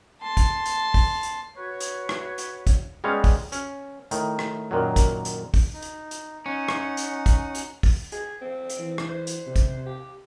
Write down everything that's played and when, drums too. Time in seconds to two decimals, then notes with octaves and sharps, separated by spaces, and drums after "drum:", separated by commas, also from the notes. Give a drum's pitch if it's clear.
0.22 A5 C6
0.37 drum: kick, hi-hat
0.66 drum: hi-hat
0.94 drum: kick, open hi-hat
1.23 drum: hi-hat
1.56 F#4 B4 C#5
1.80 drum: hi-hat
2.09 drum: rim click
2.38 drum: hi-hat
2.67 drum: kick, hi-hat
3.04 G3 G#3 B3 C#4 C#5 F5
3.24 drum: kick, open hi-hat
3.52 C#4, drum: hi-hat
4.11 A2 D#3, drum: hi-hat
4.39 drum: rim click
4.71 F#2 A#2 D#3 F#3
4.96 drum: kick, hi-hat
5.25 drum: hi-hat
5.54 drum: kick, open hi-hat
5.73 D#4
5.82 drum: hi-hat
6.11 drum: hi-hat
6.46 C#4 D#4 F#5
6.69 drum: rim click
6.97 drum: hi-hat
7.26 drum: kick, hi-hat
7.55 drum: hi-hat
7.83 drum: kick, open hi-hat
8.12 G#4, drum: hi-hat
8.41 C4
8.69 drum: hi-hat
8.79 E3
8.98 drum: rim click
9.09 C5
9.27 drum: hi-hat
9.47 C3
9.56 drum: kick, hi-hat
9.86 G4